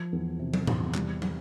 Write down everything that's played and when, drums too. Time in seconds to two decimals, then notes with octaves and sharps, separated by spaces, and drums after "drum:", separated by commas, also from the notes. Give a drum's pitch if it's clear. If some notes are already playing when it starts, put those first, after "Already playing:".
Already playing: F3
0.12 E2
0.39 C3
0.54 drum: tom
0.67 E2, drum: tom A2
0.94 G3, drum: clap
1.22 drum: tom